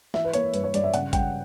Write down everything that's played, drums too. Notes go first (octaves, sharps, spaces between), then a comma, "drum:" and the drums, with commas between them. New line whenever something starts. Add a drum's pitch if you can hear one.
E3 E5, drum: snare
B4
A#3 C#5, drum: hi-hat
G2 B4, drum: hi-hat
C#5
G2 D5, drum: hi-hat
E5
C#3 F#5, drum: hi-hat
G3 G5, drum: kick G#1, hi-hat